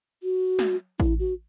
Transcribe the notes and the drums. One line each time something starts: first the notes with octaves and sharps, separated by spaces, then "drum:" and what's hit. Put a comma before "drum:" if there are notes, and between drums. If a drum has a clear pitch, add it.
F#4
drum: snare
E4, drum: kick A1
F#4